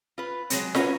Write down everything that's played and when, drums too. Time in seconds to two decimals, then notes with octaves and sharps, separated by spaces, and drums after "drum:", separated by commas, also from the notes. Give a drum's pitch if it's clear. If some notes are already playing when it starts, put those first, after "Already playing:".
0.18 F4 B4
0.50 F#3 G#3 C4, drum: hi-hat
0.75 C#4 F4 F#4 A#4 B4, drum: snare F4